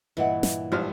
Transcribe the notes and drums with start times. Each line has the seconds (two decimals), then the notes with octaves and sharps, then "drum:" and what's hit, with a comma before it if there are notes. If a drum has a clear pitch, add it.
0.17 G2 A#2 E3 B4 D#5 E5 F#5
0.43 drum: snare
0.72 G#1 F3 G3 F6